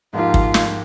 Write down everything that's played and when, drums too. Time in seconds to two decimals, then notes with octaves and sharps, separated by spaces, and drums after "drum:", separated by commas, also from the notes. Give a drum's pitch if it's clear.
0.13 G#2 F3 A#3 D#4 F4 G4
0.34 drum: kick
0.54 drum: snare